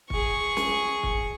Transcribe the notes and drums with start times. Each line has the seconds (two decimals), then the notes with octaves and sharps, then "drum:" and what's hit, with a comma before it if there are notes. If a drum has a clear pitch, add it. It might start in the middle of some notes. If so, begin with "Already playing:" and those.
0.10 G#4 C#6, drum: kick
0.57 drum: snare
1.03 drum: kick